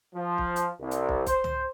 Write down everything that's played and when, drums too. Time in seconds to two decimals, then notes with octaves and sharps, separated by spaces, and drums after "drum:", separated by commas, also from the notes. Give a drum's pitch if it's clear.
0.15 F3
0.38 drum: kick
0.56 drum: hi-hat
0.80 C2
0.91 drum: hi-hat
1.09 drum: kick
1.26 C5, drum: kick, hi-hat
1.44 drum: tom